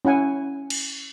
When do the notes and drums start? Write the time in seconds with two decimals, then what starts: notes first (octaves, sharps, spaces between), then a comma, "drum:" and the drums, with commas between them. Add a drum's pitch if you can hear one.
0.05 C#4 E4 F#5 G#5
0.70 drum: cymbal